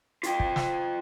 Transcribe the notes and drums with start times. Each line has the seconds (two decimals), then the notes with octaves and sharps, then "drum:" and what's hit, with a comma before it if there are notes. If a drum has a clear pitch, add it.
0.23 F4 G5, drum: hi-hat
0.40 drum: kick
0.56 drum: snare